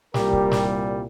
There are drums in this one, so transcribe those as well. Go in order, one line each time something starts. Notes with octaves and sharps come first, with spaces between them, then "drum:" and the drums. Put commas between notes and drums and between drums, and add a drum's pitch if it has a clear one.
C2 A#2 G3 G4 A#4, drum: snare
drum: kick C#1
drum: snare